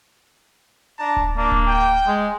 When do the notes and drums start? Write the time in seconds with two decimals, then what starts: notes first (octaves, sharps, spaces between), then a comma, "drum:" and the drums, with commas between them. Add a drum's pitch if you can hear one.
0.99 D4 A5 A#5
1.17 drum: kick D1
1.37 A#3 D4
1.52 drum: kick D1
1.66 G5
2.07 G#3